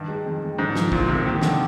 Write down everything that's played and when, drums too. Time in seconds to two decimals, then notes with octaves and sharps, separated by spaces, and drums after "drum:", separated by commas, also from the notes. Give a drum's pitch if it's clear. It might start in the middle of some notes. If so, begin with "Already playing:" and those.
Already playing: G2 D#3
0.08 G#3
0.25 F2
0.43 F2
0.58 G#2 D3
0.76 F3, drum: snare
0.92 D2 A#2, drum: kick
1.09 C3 A#3
1.26 C3 D#3
1.42 D3 D#3, drum: snare